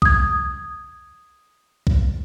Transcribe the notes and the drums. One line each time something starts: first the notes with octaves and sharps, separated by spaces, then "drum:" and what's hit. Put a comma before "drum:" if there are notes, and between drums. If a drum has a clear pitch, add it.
D#6 G#6, drum: kick B1
drum: kick B1